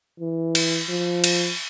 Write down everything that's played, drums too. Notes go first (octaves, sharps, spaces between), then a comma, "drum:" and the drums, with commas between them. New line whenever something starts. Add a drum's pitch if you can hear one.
E3
drum: cymbal
F3
drum: cymbal